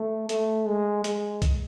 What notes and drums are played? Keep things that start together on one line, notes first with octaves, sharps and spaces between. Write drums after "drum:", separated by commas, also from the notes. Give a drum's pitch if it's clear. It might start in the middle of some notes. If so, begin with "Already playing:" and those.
Already playing: A3
A3, drum: hi-hat
G#3
G#3, drum: hi-hat
drum: kick, hi-hat